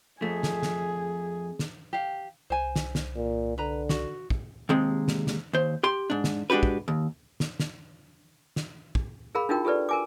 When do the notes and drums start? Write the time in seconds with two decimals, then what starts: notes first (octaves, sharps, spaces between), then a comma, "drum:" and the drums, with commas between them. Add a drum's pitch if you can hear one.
0.22 F2 A3 G#4
0.43 drum: snare
0.63 drum: snare
1.59 drum: snare
1.93 G4 F5
2.50 C2 C5 G#5
2.76 drum: snare
2.95 drum: snare
3.16 A#2
3.58 D3 B4 A#5
3.89 F#4, drum: snare
4.30 drum: kick
4.69 D#2 C3 G#3
5.08 drum: snare
5.27 drum: snare
5.53 D#2 C5
5.83 G4 C6
6.10 G#2 D4
6.24 drum: snare
6.50 G#3 D4 F#4 G4 B4
6.63 drum: kick
6.88 D#2
7.40 drum: snare
7.60 drum: snare
8.56 drum: snare
8.95 drum: kick
9.35 G#4 A#4 F5 B5
9.49 D4 D#4 F4 F#4 A#4 G5
9.65 F4 G4 A4 B4 D5
9.89 A#4 G#5 D6